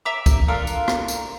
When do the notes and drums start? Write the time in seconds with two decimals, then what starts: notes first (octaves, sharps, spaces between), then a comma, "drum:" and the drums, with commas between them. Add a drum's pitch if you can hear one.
0.05 E5 A#5 D6
0.26 drum: kick, tambourine
0.48 D4 F4 A4 A#4
0.67 drum: tambourine
0.88 drum: rim click
1.08 drum: tambourine